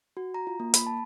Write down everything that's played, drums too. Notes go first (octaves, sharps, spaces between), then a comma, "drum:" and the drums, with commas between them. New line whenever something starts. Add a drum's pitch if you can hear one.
F#4
A#5
F4
A#3
B5, drum: hi-hat
A5